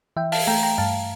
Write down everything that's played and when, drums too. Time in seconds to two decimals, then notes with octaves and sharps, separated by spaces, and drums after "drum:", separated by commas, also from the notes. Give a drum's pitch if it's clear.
0.16 E3 E5 G5
0.32 F5 A5, drum: open hi-hat
0.47 A3 G5 A#5
0.63 G5 A#5
0.78 G2 F5 A5